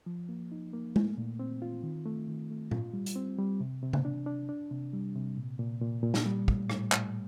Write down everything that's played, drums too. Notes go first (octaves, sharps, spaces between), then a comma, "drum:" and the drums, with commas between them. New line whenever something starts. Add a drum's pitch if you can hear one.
F3
A#3
D#4
A#3
A3, drum: tom G#3
A#2
C4
F4
D#3
A3
D#3
A3
F4, drum: tom A#2
G3
drum: hi-hat
C4
G3
C3
C3
drum: tom C#3
D4
D4
D4
C3
G3
C3
A#2
A#2
A#2
A#2
drum: snare
G3
A2, drum: kick
A2, drum: rim click
A2, drum: clap